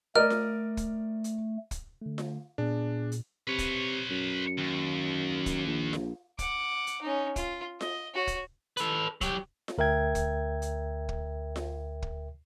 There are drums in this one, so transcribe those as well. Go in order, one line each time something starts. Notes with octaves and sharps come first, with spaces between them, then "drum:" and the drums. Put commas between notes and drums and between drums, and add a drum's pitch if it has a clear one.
A3 A#4 D5 D#5 F6
drum: snare F4
drum: kick, hi-hat
drum: hi-hat
drum: kick, hi-hat
D3 A3
drum: snare F4
A#2 B3 D4 G#4
drum: hi-hat
C3 B4 C#5
drum: kick, hi-hat
F#2
D#2
drum: kick, hi-hat
A#1
drum: snare F4
F#5 D6, drum: kick, hi-hat
drum: hi-hat
C#4 D#4
F4, drum: kick, hi-hat
D#5, drum: snare F4
F#4 C#5
drum: kick, hi-hat
A4 B4, drum: hi-hat
F#3 G4, drum: kick, hi-hat
drum: snare F4
D2 A#4 E5 G5 G#6
drum: kick, hi-hat
drum: hi-hat
drum: kick
drum: snare F4
drum: kick